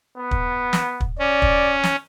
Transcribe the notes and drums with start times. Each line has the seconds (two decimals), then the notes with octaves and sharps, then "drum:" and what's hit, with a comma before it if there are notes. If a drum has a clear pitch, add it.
0.17 B3
0.31 drum: kick
0.73 drum: snare
1.00 drum: kick
1.19 C#4 D5
1.42 drum: kick
1.83 drum: snare